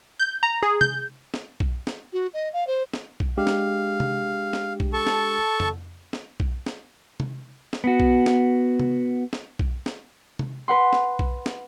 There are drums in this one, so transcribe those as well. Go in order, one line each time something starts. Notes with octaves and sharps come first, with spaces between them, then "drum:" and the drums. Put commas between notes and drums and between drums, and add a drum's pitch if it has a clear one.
G6
A#5
G#4
G6, drum: tom C3
drum: snare
drum: kick B1
drum: snare
F#4
D#5
F5
C5
drum: snare
drum: kick B1
G#3 D4 G4 F5
drum: snare
drum: tom C3
drum: snare
drum: kick B1
A4 A5 C#6
drum: snare
drum: tom F2
drum: snare
drum: kick B1
drum: snare
drum: tom C3
drum: snare
B3 F#4
drum: kick B1
drum: snare
drum: tom C3
drum: snare
drum: kick B1
drum: snare
drum: tom C3
B4 F#5 C6
drum: snare
drum: kick B1
drum: snare